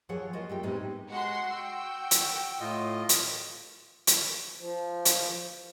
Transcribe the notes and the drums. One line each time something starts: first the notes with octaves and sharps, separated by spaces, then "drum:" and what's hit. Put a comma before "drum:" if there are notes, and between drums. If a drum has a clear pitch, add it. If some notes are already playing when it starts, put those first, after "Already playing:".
E3 F3 G#4 C#5 F#5
F4 F#4 A#4 D#5
G3 A3 G5
A2 G#3 B3 C4 D#4 G4
G#3 F#4 F#5 C6
F#4 G5 E6
drum: hi-hat
A2 F4 D#5
drum: hi-hat
drum: hi-hat
F3
drum: hi-hat